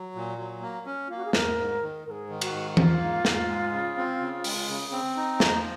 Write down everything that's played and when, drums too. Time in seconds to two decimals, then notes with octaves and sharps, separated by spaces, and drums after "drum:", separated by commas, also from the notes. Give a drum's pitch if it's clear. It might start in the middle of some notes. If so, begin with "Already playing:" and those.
Already playing: F#3
0.15 A#2
0.38 F#3
0.62 A#3
0.86 C#4
1.07 A#3 F4
1.17 F#4
1.25 G#4
1.33 G#2 A#4, drum: snare
1.58 G#2
1.82 D#3
2.06 G#2 A#4
2.11 G#4
2.30 D#3
2.41 F#4, drum: cymbal
2.53 G#2
2.77 A#3 F4, drum: tom E3
3.01 G#2
3.25 G#2, drum: snare
3.48 G#3
3.72 C#3
3.97 C4
4.21 C#3
4.44 G#3, drum: open hi-hat
4.69 C#3
4.92 C4
5.17 D#4
5.40 F3, drum: snare